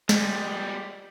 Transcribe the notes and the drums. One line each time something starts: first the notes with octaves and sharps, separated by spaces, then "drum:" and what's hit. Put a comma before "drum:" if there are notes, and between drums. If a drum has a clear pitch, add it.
G3 G#3, drum: snare